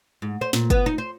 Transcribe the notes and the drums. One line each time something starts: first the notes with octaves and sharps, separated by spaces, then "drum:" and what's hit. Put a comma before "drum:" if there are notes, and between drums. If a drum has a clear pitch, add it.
G#2
C5
A#2, drum: snare
B3, drum: kick, hi-hat
D#4
C5